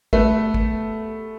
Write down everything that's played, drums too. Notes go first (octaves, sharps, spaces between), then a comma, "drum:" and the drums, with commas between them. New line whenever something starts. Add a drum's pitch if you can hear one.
A3 B3, drum: kick
drum: kick